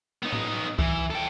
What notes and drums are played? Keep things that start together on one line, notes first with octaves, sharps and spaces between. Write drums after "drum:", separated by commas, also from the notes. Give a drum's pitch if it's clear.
B3 D#4
drum: tom A2
E3, drum: kick C2
A4 G5